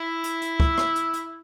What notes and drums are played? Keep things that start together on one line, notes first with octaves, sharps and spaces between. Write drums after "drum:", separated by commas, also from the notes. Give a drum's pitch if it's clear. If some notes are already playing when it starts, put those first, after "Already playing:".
Already playing: E4
drum: hi-hat
drum: hi-hat
drum: kick
drum: rim click
drum: hi-hat
drum: hi-hat